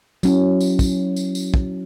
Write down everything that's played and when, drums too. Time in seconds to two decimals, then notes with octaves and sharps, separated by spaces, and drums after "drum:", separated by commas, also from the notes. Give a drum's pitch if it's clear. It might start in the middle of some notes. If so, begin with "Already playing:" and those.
0.23 F#3 C#4 E4, drum: tambourine
0.61 drum: tambourine
0.79 drum: kick, tambourine
1.16 drum: tambourine
1.35 drum: tambourine
1.54 drum: kick